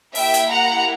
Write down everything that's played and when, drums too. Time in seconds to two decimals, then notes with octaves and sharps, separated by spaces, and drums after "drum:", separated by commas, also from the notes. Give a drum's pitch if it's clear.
0.15 A#3 E4 G4 E5 G5, drum: open hi-hat
0.34 drum: hi-hat
0.50 F#5 A#5